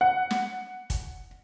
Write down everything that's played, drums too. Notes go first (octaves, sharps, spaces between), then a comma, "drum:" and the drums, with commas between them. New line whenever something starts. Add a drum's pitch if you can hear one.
F#5
drum: snare
drum: kick, hi-hat